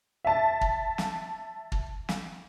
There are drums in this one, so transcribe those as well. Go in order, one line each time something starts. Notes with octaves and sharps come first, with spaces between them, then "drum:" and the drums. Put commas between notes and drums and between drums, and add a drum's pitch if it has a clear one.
E5 A5
drum: kick
drum: snare
drum: kick
drum: snare